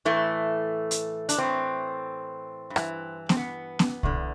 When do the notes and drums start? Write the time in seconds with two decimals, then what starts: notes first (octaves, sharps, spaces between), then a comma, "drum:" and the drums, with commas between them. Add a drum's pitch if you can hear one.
0.05 A2 E3 A3
0.91 drum: hi-hat
1.29 D4, drum: hi-hat
1.38 A2 E3 C4
2.70 G2
2.76 E3, drum: rim click
3.29 C4, drum: snare B3
3.37 B3
3.79 drum: snare B3
4.03 E2 D3, drum: kick